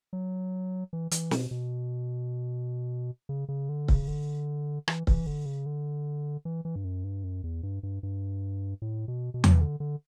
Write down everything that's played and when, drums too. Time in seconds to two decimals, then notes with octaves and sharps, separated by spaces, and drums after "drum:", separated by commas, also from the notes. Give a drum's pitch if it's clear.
0.13 F#3
0.93 E3
1.11 E3, drum: hi-hat
1.31 B2, drum: snare
1.51 B2
3.29 C#3
3.49 C#3
3.69 D3
3.88 C#3, drum: kick C#1
4.08 D3
4.88 E3, drum: rim click
5.07 E3, drum: kick C#1
5.27 D3
5.46 C#3
5.66 D3
6.45 E3
6.65 E3
6.76 G2
6.84 F#2
7.04 G2
7.24 F#2
7.44 E2
7.63 G2
7.83 G2
8.03 G2
8.82 A2
9.08 B2
9.34 B2
9.44 F#3, drum: tom E2
9.52 E3
9.61 D3
9.80 D3